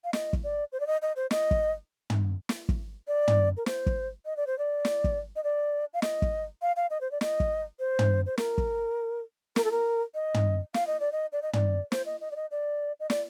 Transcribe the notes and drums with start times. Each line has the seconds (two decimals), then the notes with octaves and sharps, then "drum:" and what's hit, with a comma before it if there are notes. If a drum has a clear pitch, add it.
0.04 F5
0.13 D#5, drum: snare
0.33 drum: kick
0.43 D5
0.72 C5
0.80 D5
0.87 D#5
1.02 D#5
1.16 C5
1.31 D#5, drum: snare
1.51 drum: kick
2.10 drum: tom
2.49 drum: snare
2.69 drum: kick
3.07 D5
3.28 drum: tom
3.57 A#4
3.66 C5, drum: snare
3.86 drum: kick
4.25 D#5
4.37 D5
4.47 C5
4.58 D5
4.85 drum: snare
5.04 drum: kick
5.36 D#5
5.44 D5
5.94 F5
6.02 D#5, drum: snare
6.22 drum: kick
6.62 F5
6.76 F5
6.90 D#5
7.01 C5
7.11 D5
7.21 D#5, drum: snare
7.40 drum: kick
7.79 C5
7.99 drum: tom
8.26 C5
8.38 A#4, drum: snare
8.58 drum: kick
9.56 A#4, drum: snare
9.64 A4
9.71 A#4
10.14 D#5
10.34 drum: tom
10.74 F5, drum: snare
10.87 D#5
11.00 D5
11.12 D#5
11.32 D5
11.42 D#5
11.53 D5, drum: tom
11.92 C5, drum: snare
12.06 D#5
12.21 D#5
12.31 D5
12.36 D#5
12.51 D5
13.00 D#5
13.10 D5, drum: snare